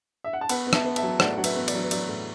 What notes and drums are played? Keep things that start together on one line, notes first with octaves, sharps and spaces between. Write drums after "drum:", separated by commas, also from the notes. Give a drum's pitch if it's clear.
E5
F#5
A5
B3 F#5 B5, drum: cymbal
B3
E5 A5, drum: rim click
B3
E5 A5, drum: cymbal
F#3
A2 D5 F#5, drum: rim click
F#3 F#5
B4 E5, drum: cymbal
B3
D5, drum: cymbal
F#3
B4
F#3 D5, drum: cymbal
A2